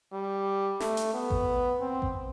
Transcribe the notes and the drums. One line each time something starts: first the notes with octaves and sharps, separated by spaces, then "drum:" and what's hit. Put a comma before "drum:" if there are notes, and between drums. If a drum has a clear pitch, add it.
G3
A3, drum: snare
drum: hi-hat
B3
drum: kick A1
C4
drum: kick A1